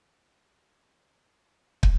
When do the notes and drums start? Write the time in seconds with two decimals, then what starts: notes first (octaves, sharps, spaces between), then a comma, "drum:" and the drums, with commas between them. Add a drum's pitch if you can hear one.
0.39 F#3 G3 A#3 F#4
1.83 drum: kick